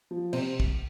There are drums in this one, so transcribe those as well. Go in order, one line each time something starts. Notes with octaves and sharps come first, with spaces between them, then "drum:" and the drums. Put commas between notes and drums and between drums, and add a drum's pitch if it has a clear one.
F3
C3 C5, drum: cymbal
drum: kick